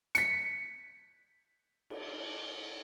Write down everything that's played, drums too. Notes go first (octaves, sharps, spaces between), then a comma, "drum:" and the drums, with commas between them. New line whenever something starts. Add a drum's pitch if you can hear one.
B6 C#7, drum: hi-hat
drum: cymbal